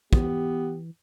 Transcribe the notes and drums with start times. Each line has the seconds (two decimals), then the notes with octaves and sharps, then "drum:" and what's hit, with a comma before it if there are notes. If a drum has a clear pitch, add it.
0.13 E3 B3 G4, drum: kick